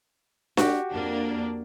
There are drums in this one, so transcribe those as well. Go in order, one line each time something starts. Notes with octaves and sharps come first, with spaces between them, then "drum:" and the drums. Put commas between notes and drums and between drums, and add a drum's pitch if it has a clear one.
F#4 G4, drum: snare D4
F2 A#3 D4